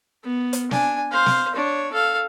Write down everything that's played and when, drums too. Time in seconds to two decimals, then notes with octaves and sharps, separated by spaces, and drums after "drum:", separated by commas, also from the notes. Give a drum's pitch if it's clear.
0.24 B3
0.53 drum: hi-hat
0.71 D4 G#5, drum: snare
1.11 C5 F5
1.26 drum: snare
1.55 D4 C#5
1.92 A4 F5